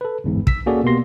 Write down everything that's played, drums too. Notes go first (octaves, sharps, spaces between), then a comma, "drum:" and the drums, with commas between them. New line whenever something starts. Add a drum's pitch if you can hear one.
A4 B4
G1 E2 G#2
E6 B6, drum: kick
A#3 C#4 F#4 G#4 A4 D5
B2 A#3 B3 G4 C6 A#6